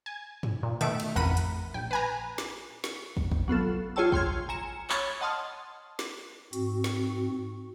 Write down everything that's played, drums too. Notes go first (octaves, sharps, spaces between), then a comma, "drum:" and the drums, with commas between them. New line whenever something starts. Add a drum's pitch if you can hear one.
G#5
drum: tom
A#2
B2 D#3 A3 E5 D7, drum: hi-hat
drum: cymbal
A1 F2 A#4 F#5 B5 D#7
drum: hi-hat
A#1 G5
B4 G#5 A#5
drum: snare
drum: snare
drum: kick
drum: kick
F#3 B3 F4 A4
F4 G#4 C#5 G5 A5 E6
G5 C6 F6 G#6, drum: kick
G#5 A#5 C#7 E7
C#5 B5 C#6 G#6 A6, drum: clap
D#5 F#5 A5 C6 D#6 F6
drum: snare
G#2 C4 F#4, drum: hi-hat
drum: snare